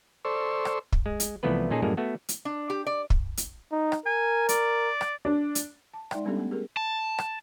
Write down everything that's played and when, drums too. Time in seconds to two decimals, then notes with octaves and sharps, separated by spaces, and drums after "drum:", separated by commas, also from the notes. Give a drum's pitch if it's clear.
0.25 A4 C5 D5 C6 C#6 E6
0.65 drum: rim click
0.92 drum: kick
1.06 G#3
1.20 drum: hi-hat
1.43 C2 E3 F3 A3 B3 B4
1.70 A#2 C#4 D#4 G#4 A4
1.82 F#2 A2 G3 G#3 A#3
1.97 A3 B3 F#4
2.29 drum: hi-hat
2.45 D4
2.70 G4
2.87 D5
3.10 drum: kick
3.37 drum: hi-hat
3.72 D#4
3.92 drum: rim click
4.06 A#4 G#5
4.49 D5, drum: hi-hat
5.01 drum: rim click
5.25 D4
5.55 drum: hi-hat
5.94 A5
6.11 G#3 D#4 D5 E5 G5 C6, drum: rim click
6.25 G3 B3 C#4 D4 G4 A4
6.37 A3 B3
6.51 G4 G#4 A#4
6.77 A5
7.18 drum: rim click